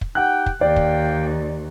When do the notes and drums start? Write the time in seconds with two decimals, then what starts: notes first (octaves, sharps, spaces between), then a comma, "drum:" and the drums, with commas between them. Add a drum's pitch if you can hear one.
0.01 drum: kick
0.15 D#4 G4 F#5 G5 F#6
0.46 drum: kick
0.61 D#2 D5 F5 G5
0.76 drum: kick